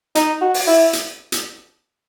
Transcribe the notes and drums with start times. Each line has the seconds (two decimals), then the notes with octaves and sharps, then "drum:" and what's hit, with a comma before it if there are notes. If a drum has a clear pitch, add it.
0.15 D#4, drum: hi-hat
0.41 F#4
0.54 drum: open hi-hat
0.67 E4
0.93 drum: hi-hat
1.32 drum: hi-hat